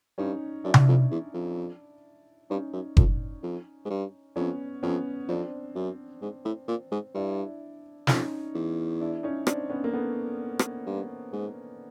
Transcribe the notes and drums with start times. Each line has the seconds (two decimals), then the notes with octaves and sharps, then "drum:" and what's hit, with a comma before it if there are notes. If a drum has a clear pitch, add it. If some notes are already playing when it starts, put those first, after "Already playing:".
0.18 G2 C#4 D#4
0.64 F#2 D4 E4
0.74 drum: tom C3
0.88 F2
1.11 E2
1.34 F2
2.50 G2 C#4 D#4
2.73 F#2
2.97 F2, drum: kick F#1
3.43 F2
3.85 G#2
3.90 G2
4.36 F2 B3 C#4
4.83 F2 B3 C#4
5.28 F2 C4 D4
5.75 F#2
6.22 G#2
6.45 A2
6.68 A#2
6.91 G#2
7.15 G2 D4 E4
8.07 F2 C#4 D#4, drum: snare
8.54 E2
9.01 D4 E4
9.23 C#4 D#4
9.47 C4 D4, drum: rim click
9.70 B3 C#4
9.84 A#3
9.93 A3 B3
10.59 drum: rim click
10.86 G2
11.33 G#2